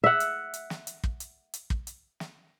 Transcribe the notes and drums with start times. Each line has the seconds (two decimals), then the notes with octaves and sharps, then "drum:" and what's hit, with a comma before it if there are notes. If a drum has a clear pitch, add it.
0.04 E5 F#5
0.20 drum: hi-hat
0.54 drum: hi-hat
0.70 drum: snare
0.87 drum: hi-hat
1.04 drum: kick
1.20 drum: hi-hat
1.54 drum: hi-hat
1.70 drum: kick
1.87 drum: hi-hat
2.20 drum: snare